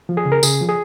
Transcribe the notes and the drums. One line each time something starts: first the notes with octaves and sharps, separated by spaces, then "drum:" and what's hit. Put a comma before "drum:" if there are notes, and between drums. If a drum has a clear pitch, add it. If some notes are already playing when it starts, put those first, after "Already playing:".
F3
G#4
C#3
A#4
C#3 G#4, drum: tambourine
F3
G#4